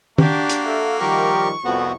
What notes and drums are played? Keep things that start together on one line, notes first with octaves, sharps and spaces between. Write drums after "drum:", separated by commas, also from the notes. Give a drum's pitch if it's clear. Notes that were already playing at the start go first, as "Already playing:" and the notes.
A#3 D4 F#4 G4, drum: tom D#3
drum: hi-hat
A4 E5 F5
D#3 F3 G3 G4 A#4 C#6
C2 F2 B3 F#4